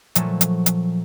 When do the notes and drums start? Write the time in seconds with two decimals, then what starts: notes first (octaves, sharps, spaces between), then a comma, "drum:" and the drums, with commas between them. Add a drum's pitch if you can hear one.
0.15 A#2 F3 F#3 A3, drum: hi-hat
0.41 drum: hi-hat
0.66 drum: hi-hat